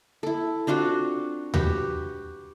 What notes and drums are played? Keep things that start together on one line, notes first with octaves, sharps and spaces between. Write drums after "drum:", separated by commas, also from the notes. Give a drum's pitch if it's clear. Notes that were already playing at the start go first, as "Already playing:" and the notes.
E4 A4
C4 D4 F4 F#4
F#4 G4 B4, drum: tom D#2